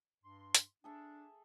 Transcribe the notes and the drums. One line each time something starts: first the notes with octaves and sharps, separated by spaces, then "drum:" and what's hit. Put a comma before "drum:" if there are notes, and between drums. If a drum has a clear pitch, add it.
G2 C6
drum: hi-hat
D4 G#4 A4 E5